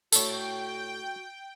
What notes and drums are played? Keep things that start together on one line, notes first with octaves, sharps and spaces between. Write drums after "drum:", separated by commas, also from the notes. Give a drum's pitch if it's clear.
A2 D3 A3 F#4 A4 C#5 G5, drum: tambourine